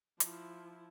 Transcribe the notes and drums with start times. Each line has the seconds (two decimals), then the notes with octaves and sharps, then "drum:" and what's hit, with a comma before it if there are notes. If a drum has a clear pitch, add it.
0.20 F3 E4, drum: hi-hat